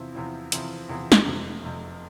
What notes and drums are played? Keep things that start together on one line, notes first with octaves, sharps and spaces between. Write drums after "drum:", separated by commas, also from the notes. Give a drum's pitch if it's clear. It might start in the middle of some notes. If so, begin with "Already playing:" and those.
Already playing: E2 C3 F3 C4 E4
E2 C3 F3 C4 E4
E2 C3 F3 C4 E4, drum: hi-hat
E2 C3 F3 C4 E4
drum: snare
F1 F2 C3
F1 F2 C3